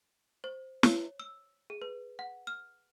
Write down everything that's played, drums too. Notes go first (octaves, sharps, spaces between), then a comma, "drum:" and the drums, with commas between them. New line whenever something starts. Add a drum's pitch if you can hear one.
C5
C#5, drum: snare
E6
G#4
B4
F#5
F6